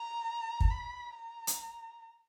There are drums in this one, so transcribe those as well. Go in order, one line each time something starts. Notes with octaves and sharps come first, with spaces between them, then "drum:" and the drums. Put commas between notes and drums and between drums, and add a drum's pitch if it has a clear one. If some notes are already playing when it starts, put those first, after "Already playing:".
Already playing: A#5
drum: kick
B5
A#5
drum: hi-hat